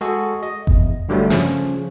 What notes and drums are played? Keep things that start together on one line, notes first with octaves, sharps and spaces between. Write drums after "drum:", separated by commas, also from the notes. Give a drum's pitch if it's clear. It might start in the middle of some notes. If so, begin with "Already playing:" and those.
G#3 F#4 G#4 A4
D#5
E2, drum: kick F#1
G2 D3 F#3 G3 A3
C#3 F3 C#4, drum: snare